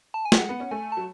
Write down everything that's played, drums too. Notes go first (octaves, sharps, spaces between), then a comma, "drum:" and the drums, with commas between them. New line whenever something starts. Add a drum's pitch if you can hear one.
A5
G#5
F#3, drum: snare
G#3 F#5
B3
C#4
A3 G#5
F#3 A5